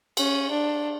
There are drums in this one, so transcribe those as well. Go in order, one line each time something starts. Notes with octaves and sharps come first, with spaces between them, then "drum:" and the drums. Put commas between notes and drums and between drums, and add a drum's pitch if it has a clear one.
C#4, drum: cymbal
D4